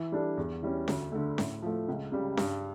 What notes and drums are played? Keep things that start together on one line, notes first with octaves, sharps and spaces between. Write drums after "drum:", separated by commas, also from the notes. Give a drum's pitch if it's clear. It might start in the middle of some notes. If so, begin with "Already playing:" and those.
Already playing: E3
G3 D4 A4
E2
E3 G3 C#4
D2, drum: snare C#4
D3 A3
A2, drum: snare C#4
F3 A3
C#2
C#3 G3
G2, drum: snare C#4